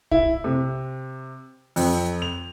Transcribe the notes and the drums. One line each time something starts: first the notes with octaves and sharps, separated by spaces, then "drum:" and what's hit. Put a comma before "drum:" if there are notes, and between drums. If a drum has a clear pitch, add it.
E4, drum: kick
C3
F2, drum: open hi-hat
F7